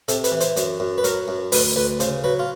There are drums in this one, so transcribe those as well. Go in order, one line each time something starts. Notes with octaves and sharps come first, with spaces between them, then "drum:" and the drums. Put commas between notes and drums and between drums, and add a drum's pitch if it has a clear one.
C3 A4, drum: hi-hat
B4, drum: hi-hat
E3
C5, drum: hi-hat
F#2, drum: hi-hat
F#2
B4
F#3 A#4, drum: hi-hat
F#2
D2 B4, drum: open hi-hat
D2 B4
C#3 C5, drum: hi-hat
F#3 B4
F4